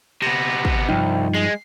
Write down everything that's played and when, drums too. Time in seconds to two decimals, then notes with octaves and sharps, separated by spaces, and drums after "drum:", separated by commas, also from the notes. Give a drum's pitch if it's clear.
0.22 C3 B3 A#6
0.65 drum: kick
0.89 C2 G2 F3 D#4 G5
1.35 G#3 C7